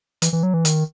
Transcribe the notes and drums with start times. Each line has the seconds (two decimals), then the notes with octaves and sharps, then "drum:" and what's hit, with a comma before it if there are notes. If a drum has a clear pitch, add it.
0.22 E3, drum: hi-hat
0.33 E3
0.43 F#3
0.54 E3
0.65 D#3, drum: hi-hat